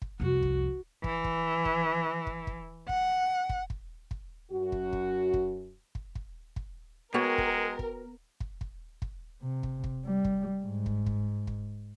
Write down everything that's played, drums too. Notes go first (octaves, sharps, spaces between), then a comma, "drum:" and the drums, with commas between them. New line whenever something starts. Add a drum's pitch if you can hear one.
drum: kick
C2 F2 F#4
drum: kick
E3, drum: kick
drum: kick
drum: kick
drum: kick
drum: kick
F#5, drum: kick
drum: kick
drum: kick
drum: kick
F#2 F#4
drum: kick
drum: kick
drum: kick
drum: kick
drum: kick
drum: kick
G#3 B3 F#4 A#4 C#5 G5
drum: kick
drum: kick
drum: kick
drum: kick
drum: kick
C3
drum: kick
drum: kick
G3
drum: kick
G#2
drum: kick
drum: kick
drum: kick